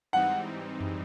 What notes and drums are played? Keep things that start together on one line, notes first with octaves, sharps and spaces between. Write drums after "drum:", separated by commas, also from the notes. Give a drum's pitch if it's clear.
G#2 E3 G3 C4 D#4 F#5
drum: tom F#2